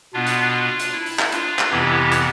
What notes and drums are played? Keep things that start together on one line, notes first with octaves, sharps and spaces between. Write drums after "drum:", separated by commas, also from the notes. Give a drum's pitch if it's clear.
B2 B3 D4 F4
drum: hi-hat
drum: hi-hat
E4
drum: open hi-hat
drum: clap
D4 F4, drum: hi-hat
drum: clap
F2 C3 E3 B3 E4 G4
drum: hi-hat